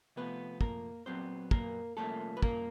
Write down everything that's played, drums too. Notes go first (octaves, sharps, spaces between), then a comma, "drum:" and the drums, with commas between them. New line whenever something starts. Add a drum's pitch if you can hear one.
C3 F3 A3 B3 B4
A#3 A#4, drum: kick
A#2 F#3 B3 C4 C5
A#3 A#4, drum: kick
C2 A#2 F3 A3 A#3 C#4 A4
B4
A#3 A#4, drum: kick